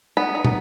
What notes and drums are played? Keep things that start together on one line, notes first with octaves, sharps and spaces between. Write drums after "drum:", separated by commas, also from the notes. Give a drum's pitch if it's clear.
B3 B5
D#4
drum: tom